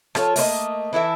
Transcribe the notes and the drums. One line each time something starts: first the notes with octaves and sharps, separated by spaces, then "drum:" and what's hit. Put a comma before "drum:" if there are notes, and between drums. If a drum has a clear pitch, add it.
F3 F4 A4 C#5, drum: rim click
A3 A#3 C5 D#5, drum: open hi-hat
E3 E4 A4 E5